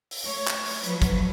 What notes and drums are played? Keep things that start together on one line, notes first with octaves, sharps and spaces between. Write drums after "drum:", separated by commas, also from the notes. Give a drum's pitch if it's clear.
drum: open hi-hat
A3 C#5
drum: clap
drum: open hi-hat
F3 F#3 B4, drum: hi-hat
drum: kick, hi-hat